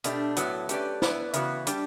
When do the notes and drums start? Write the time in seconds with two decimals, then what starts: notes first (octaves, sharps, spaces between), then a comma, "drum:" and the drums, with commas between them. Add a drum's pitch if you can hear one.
0.04 B2 A3 D4 G4, drum: hi-hat
0.36 A2 F#3 B3, drum: hi-hat
0.69 A3 C#4 G4 B4 D5, drum: hi-hat
1.02 B3 E4 B4 D5, drum: snare
1.33 C#3 E3 B3 F#4, drum: hi-hat
1.67 G3 D4 G4, drum: hi-hat